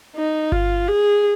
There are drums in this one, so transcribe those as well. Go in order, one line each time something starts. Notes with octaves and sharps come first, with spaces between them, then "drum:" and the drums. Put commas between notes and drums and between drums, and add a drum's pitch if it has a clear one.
D#4
F4, drum: kick G1
G#4